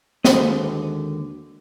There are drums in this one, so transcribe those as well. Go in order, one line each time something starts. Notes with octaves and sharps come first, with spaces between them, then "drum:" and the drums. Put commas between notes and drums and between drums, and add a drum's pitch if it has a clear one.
D#2 D3 G#3 F#4 B4 D#5, drum: snare